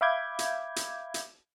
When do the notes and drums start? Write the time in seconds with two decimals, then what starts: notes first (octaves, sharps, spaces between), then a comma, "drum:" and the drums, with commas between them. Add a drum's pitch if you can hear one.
0.01 E5 F5 B5 D6 G6 G#6
0.39 drum: hi-hat
0.76 drum: hi-hat
1.14 drum: hi-hat